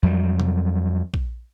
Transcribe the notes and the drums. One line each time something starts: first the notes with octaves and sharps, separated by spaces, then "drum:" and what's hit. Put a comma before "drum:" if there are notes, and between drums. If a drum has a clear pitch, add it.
F2 F#3 G3
drum: tom C3
drum: kick A#1